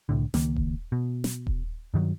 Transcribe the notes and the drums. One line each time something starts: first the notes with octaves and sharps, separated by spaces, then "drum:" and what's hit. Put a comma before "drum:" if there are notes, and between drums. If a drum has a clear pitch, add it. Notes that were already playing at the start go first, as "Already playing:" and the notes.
C2 A2 D3
C#2 D#3 A#3, drum: snare
drum: kick D#1
B2
drum: snare
drum: kick D#1
G2 D#3 F#3